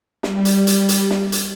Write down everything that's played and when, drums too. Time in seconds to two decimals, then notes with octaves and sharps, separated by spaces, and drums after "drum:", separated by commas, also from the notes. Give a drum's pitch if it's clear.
0.23 G3, drum: snare
0.45 drum: hi-hat
0.67 drum: hi-hat
0.89 drum: hi-hat
1.10 drum: snare
1.32 drum: hi-hat